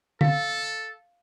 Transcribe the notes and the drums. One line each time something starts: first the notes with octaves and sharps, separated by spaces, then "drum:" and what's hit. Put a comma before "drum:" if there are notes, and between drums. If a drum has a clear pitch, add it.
A4 F5, drum: tom